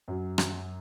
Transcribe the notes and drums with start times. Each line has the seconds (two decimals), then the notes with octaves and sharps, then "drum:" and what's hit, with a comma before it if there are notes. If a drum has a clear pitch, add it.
0.08 F#2 F#3
0.38 drum: rim click